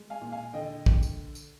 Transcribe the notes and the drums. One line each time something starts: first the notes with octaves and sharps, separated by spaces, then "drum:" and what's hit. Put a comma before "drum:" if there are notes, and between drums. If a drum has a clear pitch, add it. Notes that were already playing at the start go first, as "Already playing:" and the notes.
Already playing: G#3
F5 G#5
A#2
F5 G#5
D3 D#5 G5
drum: kick
drum: tambourine
drum: tambourine